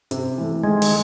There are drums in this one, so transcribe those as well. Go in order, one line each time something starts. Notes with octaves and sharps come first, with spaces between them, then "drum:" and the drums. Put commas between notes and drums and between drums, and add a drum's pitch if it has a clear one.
C3, drum: hi-hat
E3 A3
D#3 G#3
drum: open hi-hat